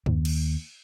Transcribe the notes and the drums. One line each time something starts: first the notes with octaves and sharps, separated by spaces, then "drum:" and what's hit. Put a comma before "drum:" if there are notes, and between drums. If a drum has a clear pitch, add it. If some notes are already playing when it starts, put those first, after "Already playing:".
D#2, drum: tom F#2
drum: cymbal